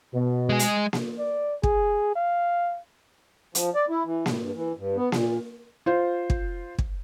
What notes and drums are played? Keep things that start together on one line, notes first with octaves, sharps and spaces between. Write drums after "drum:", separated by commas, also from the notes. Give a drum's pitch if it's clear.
B2
G#3 G#4
drum: hi-hat
drum: snare A#3
D5
G#4, drum: kick
F5
F3, drum: hi-hat
D5
E4
E3
A2, drum: snare A#3
G2
E3
G2
B3
A#2, drum: snare A#3
F4 C5
drum: kick
drum: kick